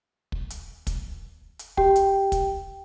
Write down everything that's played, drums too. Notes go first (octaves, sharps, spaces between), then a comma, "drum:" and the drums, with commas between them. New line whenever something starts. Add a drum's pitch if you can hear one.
drum: kick
drum: hi-hat
drum: kick, hi-hat
drum: hi-hat
G4 G5, drum: kick
drum: hi-hat
drum: kick, hi-hat